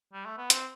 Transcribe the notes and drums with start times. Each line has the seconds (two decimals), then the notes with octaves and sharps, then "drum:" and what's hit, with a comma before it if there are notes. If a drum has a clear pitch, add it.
0.13 G3
0.25 A3
0.38 B3
0.50 C4, drum: hi-hat